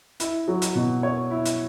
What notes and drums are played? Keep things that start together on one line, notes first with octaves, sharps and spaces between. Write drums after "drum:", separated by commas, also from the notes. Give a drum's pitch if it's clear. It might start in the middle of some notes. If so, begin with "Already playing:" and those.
E4, drum: hi-hat
F#3
drum: hi-hat
B2
C#5
E4
drum: hi-hat